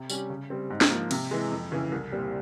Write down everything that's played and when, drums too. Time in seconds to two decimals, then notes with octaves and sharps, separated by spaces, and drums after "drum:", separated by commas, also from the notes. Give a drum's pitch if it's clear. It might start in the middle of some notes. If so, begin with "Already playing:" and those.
Already playing: C3
0.10 G3 C#4 G4, drum: tambourine
0.30 C#3
0.50 G3 C4
0.70 G#2
0.81 drum: snare
0.91 F3 A#3
1.11 C3, drum: cymbal
1.31 E3 G#3
1.51 F2
1.72 C#3 E3
1.92 C2
2.12 A#2 G3 C4